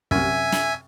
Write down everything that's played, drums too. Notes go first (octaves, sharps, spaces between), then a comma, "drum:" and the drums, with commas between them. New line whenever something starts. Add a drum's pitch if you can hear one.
F#2 C3 E5 G#5, drum: kick
drum: snare